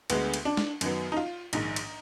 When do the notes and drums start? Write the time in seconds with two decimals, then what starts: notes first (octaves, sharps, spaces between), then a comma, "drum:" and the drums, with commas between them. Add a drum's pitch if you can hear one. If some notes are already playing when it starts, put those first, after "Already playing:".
0.10 D2 D3 G#3 B3, drum: cymbal
0.34 drum: cymbal
0.45 D4
0.57 drum: snare
0.81 F#2 D#3 F#3 B3, drum: cymbal
1.12 D#4
1.17 F4
1.53 A#1 G#2 D#3 D#4, drum: cymbal
1.76 drum: cymbal